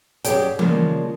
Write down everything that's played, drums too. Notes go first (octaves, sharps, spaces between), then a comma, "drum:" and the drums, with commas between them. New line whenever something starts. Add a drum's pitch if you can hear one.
F#2 G4 G#4 C#5 G5, drum: hi-hat
C#3 F3 G3 G#3 A#3, drum: tom E3